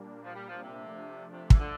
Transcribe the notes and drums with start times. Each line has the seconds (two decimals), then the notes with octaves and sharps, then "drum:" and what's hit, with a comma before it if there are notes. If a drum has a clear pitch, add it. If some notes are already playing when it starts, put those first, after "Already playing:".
Already playing: A#2 G3 A#3 D4
0.24 F3
0.34 G3
0.48 F3
0.62 C3
0.76 F3 A3 D4
1.31 C3
1.50 E3, drum: kick
1.59 D3